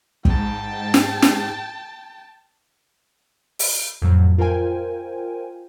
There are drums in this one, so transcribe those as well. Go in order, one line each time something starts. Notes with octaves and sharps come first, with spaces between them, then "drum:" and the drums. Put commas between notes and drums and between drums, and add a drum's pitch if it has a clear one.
G#2 G5 A5, drum: kick
drum: snare
drum: snare
drum: open hi-hat
F2 A2 F#3
F4 A#4 C5 G5 G#5